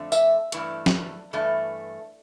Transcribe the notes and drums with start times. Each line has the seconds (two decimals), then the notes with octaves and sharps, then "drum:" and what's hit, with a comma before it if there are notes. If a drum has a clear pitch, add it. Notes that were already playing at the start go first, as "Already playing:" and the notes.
Already playing: F2 D3 A3
0.12 E5, drum: tambourine
0.52 G2 E3 A3, drum: hi-hat
0.86 drum: snare
1.33 G2 E3 A3